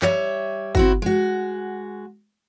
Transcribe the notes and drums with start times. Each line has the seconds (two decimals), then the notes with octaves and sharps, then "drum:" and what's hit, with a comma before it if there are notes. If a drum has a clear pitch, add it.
0.02 G3 C#5 E5, drum: clap
0.75 C4 E4 F#4, drum: kick G1
1.02 G#3 F#4